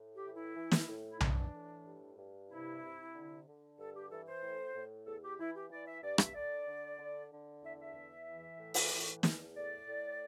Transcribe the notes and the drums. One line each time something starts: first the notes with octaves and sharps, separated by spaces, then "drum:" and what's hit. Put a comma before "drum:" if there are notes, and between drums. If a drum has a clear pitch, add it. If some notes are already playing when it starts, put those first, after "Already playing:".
Already playing: A2
G4
E3
E4
E3
drum: snare
A2
E4
E3 D4, drum: tom B1
A2
G2
G2
C3 E4
C3
D3
D3
G2 A4
G4
E3 A4
C5
A2
A2
E2 A4
G4
E3 E4
G4
E3 D5
E5
G2 D5
E5, drum: rim click
D3 D5
D3
D3
D3
E2 E5
E5
E2
E3
A2
drum: open hi-hat
E3
E2, drum: snare
A2 D5
A2